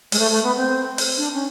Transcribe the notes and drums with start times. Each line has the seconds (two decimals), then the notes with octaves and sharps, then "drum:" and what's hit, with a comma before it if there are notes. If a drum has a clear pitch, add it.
0.12 G#3, drum: open hi-hat
0.19 A3
0.31 A3
0.43 B3
0.56 C4
0.98 drum: open hi-hat
1.17 D4
1.34 C#4